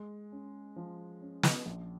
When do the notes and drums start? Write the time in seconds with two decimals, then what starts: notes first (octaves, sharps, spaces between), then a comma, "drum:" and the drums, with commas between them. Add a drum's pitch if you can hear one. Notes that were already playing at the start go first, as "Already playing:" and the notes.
Already playing: G#3
0.32 C#4
0.76 F3
1.22 C#4
1.43 drum: snare
1.66 A#1